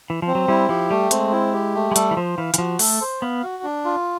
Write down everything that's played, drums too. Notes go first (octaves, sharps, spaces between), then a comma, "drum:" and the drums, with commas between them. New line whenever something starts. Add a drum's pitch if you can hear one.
E3
F3 C4
F#3
G3 E4
F3 G4
G3 A3
G#3 C4, drum: hi-hat
E4
G4
A3
G#3
G3 A4, drum: hi-hat
E3
F3 C5
E3 F5
E3, drum: hi-hat
F3 F#4
A3 A4, drum: open hi-hat
C5
B3 F5
F#4
D4
F4